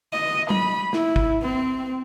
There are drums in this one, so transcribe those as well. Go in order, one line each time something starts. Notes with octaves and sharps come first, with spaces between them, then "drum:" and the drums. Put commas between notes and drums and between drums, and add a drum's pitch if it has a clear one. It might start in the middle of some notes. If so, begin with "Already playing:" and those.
D#5
B5, drum: tom F#3
E4, drum: snare
drum: kick
C4